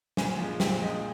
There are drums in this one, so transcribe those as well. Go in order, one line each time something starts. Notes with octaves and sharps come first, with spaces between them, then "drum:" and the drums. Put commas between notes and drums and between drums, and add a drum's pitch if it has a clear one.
A#2 G#5, drum: snare
F3 G#3
A#2 G5, drum: snare
F3 G#3 D#5